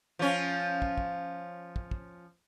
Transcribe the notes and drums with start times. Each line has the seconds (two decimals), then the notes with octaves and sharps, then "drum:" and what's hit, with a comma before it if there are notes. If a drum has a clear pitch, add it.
0.19 F3 C#4
0.82 drum: kick
0.98 drum: kick
1.76 drum: kick
1.91 drum: kick